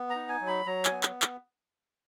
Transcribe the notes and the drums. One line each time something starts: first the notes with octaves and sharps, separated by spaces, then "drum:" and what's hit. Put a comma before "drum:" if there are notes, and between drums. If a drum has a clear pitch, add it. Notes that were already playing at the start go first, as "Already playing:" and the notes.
Already playing: B3
A#5
D#4
G#5
F#3
B5
F#3 A#5
G#5, drum: clap
B3
drum: clap
drum: clap